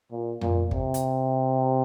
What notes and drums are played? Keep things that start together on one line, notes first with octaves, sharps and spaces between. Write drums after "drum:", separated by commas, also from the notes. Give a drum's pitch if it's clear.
A#2
A#2, drum: tom F2
C3, drum: kick
drum: hi-hat